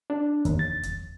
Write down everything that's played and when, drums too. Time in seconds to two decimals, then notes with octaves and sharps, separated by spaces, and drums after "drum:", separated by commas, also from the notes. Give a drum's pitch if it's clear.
0.10 D4
0.45 D#2, drum: kick E2, hi-hat
0.59 A6
0.83 drum: kick E2, hi-hat